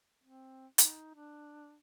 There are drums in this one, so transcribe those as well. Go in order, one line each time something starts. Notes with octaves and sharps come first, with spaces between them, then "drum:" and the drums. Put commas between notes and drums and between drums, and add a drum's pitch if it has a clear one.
C4
D#4, drum: hi-hat
D4